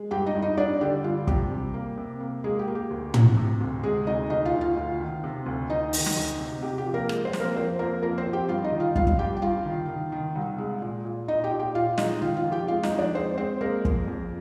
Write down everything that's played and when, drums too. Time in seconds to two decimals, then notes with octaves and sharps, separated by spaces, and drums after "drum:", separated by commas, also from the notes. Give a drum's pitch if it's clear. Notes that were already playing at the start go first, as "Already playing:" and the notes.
Already playing: G#3
0.11 G2 G4 G5
0.26 D#4 D#5
0.35 G2
0.42 D#4 D#5
0.57 G2 D4 D5
0.81 D3 G4
1.04 G3 F4
1.27 C3 G4, drum: kick
1.51 G3
1.74 A#3
1.98 C3
2.20 A#3
2.44 G#3 A#3 G#4
2.59 G4
2.68 A#3
2.75 G4
2.90 D2
3.14 C3, drum: tom
3.37 C3
3.61 D2
3.83 C3 G#3 G#4
4.07 D2 D#4 D#5
4.30 D2 D#4 D#5
4.45 F4 F5
4.54 D2
4.61 F4 F5
4.77 D2
5.00 D#3
5.24 C3
5.46 D2
5.69 D2 D#4 D#5
5.93 D#3, drum: open hi-hat
6.06 drum: snare
6.16 D2
6.39 C3
6.63 C3 G4
6.78 G4
6.86 F3
6.94 A#3 A#4
7.09 G#3, drum: rim click
7.25 C4 C5
7.33 F2, drum: snare
7.40 A#3 A#4
7.56 F3 C4 C5
7.79 F2 A#3 A#4
8.03 F3 A#3 A#4
8.18 C4 C5
8.26 F3
8.33 G4 G5
8.49 G2 F4 F5
8.64 D#4 D#5
8.72 D#3
8.80 F4 F5
8.95 G2 F4 F5, drum: kick
9.07 drum: kick
9.19 G2 G4 G5
9.37 G5
9.42 G2 F4 F5
9.66 D#3
9.88 D#3
10.12 D#3
10.35 C2
10.58 G#3
10.82 A#2
11.05 A#2
11.28 A#2 D#4 D#5
11.44 G4 G5
11.51 A#2
11.59 G4 G5
11.75 A#2 F4 F5
11.98 G#3 D#4 D#5, drum: snare
12.22 D#3 F4 F5
12.36 F4 F5
12.45 F2
12.52 G4 G5
12.68 G#3 F4 F5
12.83 D#4 D#5, drum: snare
12.92 F2
12.99 D4 D5
13.15 G#3 C4 C5
13.37 G#3 C4 C5
13.61 G#3 A#3 A#4
13.85 F2, drum: kick
14.08 F2